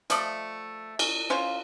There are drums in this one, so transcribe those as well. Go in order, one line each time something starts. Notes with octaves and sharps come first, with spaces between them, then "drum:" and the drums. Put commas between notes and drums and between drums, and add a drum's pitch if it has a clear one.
F3 A3 D5 D#5, drum: hi-hat
C#4, drum: cymbal
C#4 F4 C5 F5